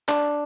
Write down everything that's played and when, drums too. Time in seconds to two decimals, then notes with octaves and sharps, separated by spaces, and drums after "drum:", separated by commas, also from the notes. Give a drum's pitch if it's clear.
0.08 D4, drum: clap